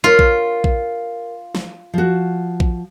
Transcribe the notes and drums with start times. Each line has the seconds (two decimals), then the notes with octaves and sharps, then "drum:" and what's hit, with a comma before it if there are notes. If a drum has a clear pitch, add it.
0.04 F4 A#4 C#5
0.19 drum: kick A#1
0.64 drum: kick A#1
1.55 drum: snare
1.94 F3 F#4
2.60 drum: kick A#1